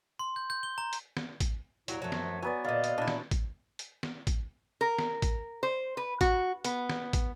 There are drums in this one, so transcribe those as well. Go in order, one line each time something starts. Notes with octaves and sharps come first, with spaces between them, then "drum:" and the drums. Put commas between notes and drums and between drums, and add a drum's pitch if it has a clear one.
C6
G6
G6
G7
A#5
drum: hi-hat
drum: snare
drum: kick, hi-hat
D#2 A2 F#3 A#3, drum: hi-hat
F#2 F3 F#3 A3
drum: snare
F#3 B3 D5 G#5
A#2 D3 D5 D#5 F5
drum: hi-hat
A#2 D4 E4
drum: snare
drum: kick, hi-hat
drum: hi-hat
drum: snare
drum: kick, hi-hat
A#4
drum: snare
drum: kick, hi-hat
C5
B4
F#4, drum: kick, hi-hat
B3, drum: hi-hat
drum: snare
drum: kick, hi-hat